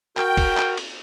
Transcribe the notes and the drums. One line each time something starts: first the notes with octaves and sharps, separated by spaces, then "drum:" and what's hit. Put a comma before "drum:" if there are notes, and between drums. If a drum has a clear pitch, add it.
F#4 A#4 G5, drum: clap
drum: kick F1, cymbal
drum: clap
drum: cymbal